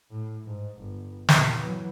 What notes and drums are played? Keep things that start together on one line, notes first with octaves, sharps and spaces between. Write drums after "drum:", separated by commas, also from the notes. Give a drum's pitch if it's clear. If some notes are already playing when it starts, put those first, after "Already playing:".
A2
G#2
G1
E2 A#2, drum: snare
E3 F#3